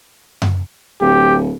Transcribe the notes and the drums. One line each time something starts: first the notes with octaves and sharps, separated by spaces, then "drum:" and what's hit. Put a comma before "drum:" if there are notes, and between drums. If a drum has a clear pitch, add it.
drum: tom F#2
D1 G4